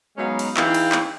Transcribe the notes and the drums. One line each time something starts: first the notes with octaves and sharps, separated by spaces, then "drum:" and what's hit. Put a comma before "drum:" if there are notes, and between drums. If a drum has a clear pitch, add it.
F#3 G#3 B3 C#4 D#4 F5
drum: cymbal
E3 D#4 G#4 E5 F5 G5, drum: clap
drum: cymbal
drum: clap